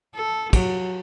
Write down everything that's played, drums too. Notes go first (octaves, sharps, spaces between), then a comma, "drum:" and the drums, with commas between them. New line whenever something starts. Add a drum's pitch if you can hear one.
A4
F#3, drum: kick, cymbal